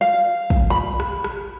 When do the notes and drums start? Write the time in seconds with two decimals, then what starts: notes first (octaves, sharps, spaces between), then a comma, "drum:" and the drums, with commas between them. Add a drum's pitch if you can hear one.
0.01 F5
0.50 drum: kick
0.70 B5
1.00 drum: rim click
1.24 drum: rim click